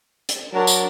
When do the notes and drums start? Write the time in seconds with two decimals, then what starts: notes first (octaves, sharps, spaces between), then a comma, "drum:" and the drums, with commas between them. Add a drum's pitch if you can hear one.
0.29 drum: hi-hat
0.53 F#3 D4 A#4 A5
0.67 drum: tambourine